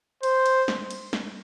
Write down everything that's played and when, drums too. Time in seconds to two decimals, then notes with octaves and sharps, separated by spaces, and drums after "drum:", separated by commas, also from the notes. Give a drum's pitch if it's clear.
0.23 C5, drum: cymbal
0.46 drum: cymbal
0.68 drum: snare
0.90 drum: cymbal
1.13 drum: snare